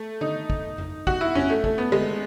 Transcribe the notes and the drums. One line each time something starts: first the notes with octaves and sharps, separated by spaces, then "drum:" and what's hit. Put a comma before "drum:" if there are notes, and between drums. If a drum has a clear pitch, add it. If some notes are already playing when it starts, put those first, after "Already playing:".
Already playing: A3
D#4, drum: tom D3
drum: kick
drum: tom F2
F#4, drum: kick
E4
C#4, drum: tom F2
A3
A3, drum: kick
B3
G#3, drum: tom D3